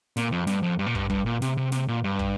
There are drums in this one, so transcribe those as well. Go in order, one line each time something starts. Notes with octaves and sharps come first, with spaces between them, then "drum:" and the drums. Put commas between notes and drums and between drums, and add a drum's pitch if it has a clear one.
A#2, drum: snare
F2
G2, drum: snare
F2
G2
A#2
G2, drum: kick
G2, drum: kick
A#2
C3, drum: snare
C3
C3, drum: snare
A#2
G2
drum: kick